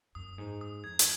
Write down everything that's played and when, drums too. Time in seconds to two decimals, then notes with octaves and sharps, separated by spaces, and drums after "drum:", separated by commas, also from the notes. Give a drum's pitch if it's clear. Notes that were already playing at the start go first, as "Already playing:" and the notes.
0.15 F#2 D#6
0.38 G#2
0.61 D#6
0.84 F2 G#6
0.99 drum: hi-hat